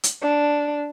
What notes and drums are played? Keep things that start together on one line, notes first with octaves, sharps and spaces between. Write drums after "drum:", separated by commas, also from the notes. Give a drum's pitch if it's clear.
drum: hi-hat
D4